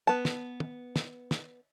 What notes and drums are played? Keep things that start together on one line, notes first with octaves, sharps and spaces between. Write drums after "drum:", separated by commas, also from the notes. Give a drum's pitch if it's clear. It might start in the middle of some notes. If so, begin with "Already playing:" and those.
B3 A5
drum: snare
drum: tom
drum: snare
drum: snare